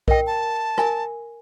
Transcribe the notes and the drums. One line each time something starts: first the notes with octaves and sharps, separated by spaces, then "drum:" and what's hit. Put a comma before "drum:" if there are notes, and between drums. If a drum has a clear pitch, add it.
A#4 D#5 G5, drum: kick B1
A5
A#4 G#5, drum: rim click